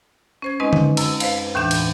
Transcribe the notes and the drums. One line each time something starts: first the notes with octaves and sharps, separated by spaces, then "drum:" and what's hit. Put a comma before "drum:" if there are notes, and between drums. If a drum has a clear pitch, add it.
C#4 C5 G#6
G#3 C4 C#4 D#4 B4 D#5
drum: tom D3
F#2 E6, drum: cymbal
B4 C5 F5, drum: cymbal
D#2 A2 E3 D4 G6
drum: cymbal